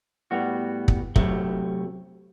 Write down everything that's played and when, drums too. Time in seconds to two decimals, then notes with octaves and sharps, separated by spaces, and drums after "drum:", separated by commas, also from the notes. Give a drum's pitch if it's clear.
0.31 A2 G3 B3 F#4
0.88 drum: kick
1.16 C3 F#3 A3, drum: kick